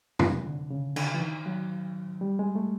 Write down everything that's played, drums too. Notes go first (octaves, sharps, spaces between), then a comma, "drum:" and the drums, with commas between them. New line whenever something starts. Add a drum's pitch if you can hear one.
C3, drum: tom F2
D3
C#3
D3, drum: cymbal
E3
D#3
F#3
G3
G#3
A3